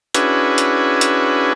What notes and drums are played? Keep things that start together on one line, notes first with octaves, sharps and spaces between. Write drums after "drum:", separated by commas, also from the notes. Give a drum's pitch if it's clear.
C#4 D4 E4 F#4 G#4 B4, drum: hi-hat
drum: hi-hat
drum: hi-hat